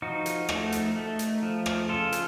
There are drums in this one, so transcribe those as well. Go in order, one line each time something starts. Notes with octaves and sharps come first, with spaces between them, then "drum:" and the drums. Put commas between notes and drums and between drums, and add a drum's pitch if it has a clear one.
F3 D#4 F#4
drum: hi-hat
A3, drum: rim click
drum: hi-hat
A3
drum: hi-hat
F3
drum: rim click
C#3 F4 A4
drum: hi-hat